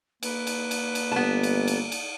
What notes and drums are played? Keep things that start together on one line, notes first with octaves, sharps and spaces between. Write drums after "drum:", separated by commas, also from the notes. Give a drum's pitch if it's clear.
A#3 B4, drum: cymbal
drum: cymbal
drum: cymbal
drum: cymbal
G1 B3 A5
drum: cymbal
drum: cymbal
drum: cymbal